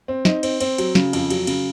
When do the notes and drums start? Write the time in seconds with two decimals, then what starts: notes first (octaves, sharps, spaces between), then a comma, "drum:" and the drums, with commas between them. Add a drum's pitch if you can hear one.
0.08 C4
0.25 D#4, drum: snare
0.43 C4, drum: cymbal
0.60 C4, drum: cymbal
0.78 F#3, drum: cymbal
0.95 C#3, drum: snare
1.13 F2, drum: cymbal
1.30 F#3, drum: cymbal
1.47 C#3, drum: cymbal